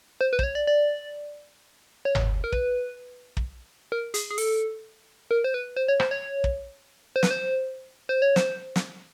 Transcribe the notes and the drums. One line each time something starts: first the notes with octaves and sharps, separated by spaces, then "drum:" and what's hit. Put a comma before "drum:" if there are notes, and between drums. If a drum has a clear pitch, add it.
C5
B4
C5, drum: kick
C#5
D5
D5
C#5
drum: tom G1
A#4
B4, drum: kick
drum: kick
A#4
G#4, drum: hi-hat
G#4
A4, drum: open hi-hat
A#4
C5
B4
C5
C#5
C5, drum: rim click
C#5
drum: kick
C5
B4, drum: snare
C5
C5
C#5
C5, drum: snare
drum: snare